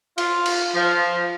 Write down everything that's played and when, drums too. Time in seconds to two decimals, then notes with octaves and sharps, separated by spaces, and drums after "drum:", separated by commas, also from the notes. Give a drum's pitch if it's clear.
0.18 F4, drum: cymbal
0.46 drum: cymbal
0.75 F3